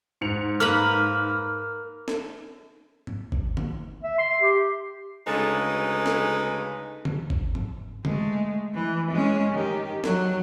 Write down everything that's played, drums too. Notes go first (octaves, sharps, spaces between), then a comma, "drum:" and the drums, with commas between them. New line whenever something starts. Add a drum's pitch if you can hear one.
G#2 C#7 F7
A#3 B4 B5 F6
drum: snare
drum: tom G#2
drum: kick G1
drum: tom D3
E5
C6
G4
D2 C#3 G#3 D#4 A4 B4
drum: snare
drum: tom D3
drum: kick G1
drum: tom G#2
G#3 A3, drum: tom D3
E3
G#3 C#4
D#3 G4
F#3, drum: snare